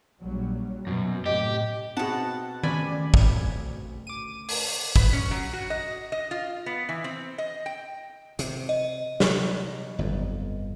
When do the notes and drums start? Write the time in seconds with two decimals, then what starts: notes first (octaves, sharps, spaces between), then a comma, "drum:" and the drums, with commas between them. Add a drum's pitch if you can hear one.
0.21 A#1 F#3 G3
0.87 F#2 B2
1.26 A2 C3 G4 D#5
1.97 B2 C4 F#4 G#4 F#5 A5
2.63 D2 C#3 C#4 D5 G#5 B5, drum: tom D#3
3.14 drum: kick
4.07 D6 D#7
4.49 drum: open hi-hat
4.96 B4, drum: kick
5.13 C#4
5.31 F#3
5.53 F#4
5.70 D#5
6.12 D#5
6.31 F4
6.66 B3
6.89 E3
7.04 C4
7.38 D#5
7.66 G5
8.39 C3, drum: hi-hat
8.69 D#5
9.20 C3 F#3, drum: snare
9.99 G1 F2